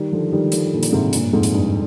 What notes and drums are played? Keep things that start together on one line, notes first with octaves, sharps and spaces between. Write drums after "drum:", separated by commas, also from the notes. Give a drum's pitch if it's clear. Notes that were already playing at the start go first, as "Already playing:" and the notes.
Already playing: D#3 G3
D3 F3
D#3 G3
D3 F3, drum: hi-hat
A#2 D3
drum: hi-hat
G#2 C3
G2 A#2, drum: hi-hat
F2 G#2
drum: hi-hat
G2